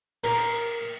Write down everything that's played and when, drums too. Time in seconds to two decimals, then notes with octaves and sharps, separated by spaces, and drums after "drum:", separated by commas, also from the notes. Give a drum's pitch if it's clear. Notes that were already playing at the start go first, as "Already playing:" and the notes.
0.24 A#4, drum: cymbal